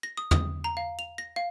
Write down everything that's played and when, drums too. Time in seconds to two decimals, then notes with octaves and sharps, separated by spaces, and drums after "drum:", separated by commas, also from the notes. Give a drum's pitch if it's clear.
0.03 A#6
0.17 D#6
0.31 D#6, drum: tom
0.64 A#5
0.77 F5
0.99 F7
1.18 A#6
1.36 F5